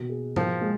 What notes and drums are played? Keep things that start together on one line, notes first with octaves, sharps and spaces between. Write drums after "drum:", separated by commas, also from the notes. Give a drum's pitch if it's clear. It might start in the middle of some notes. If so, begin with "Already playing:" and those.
Already playing: B2 D#3
G#4
D#3 F3, drum: tom G#2
G#3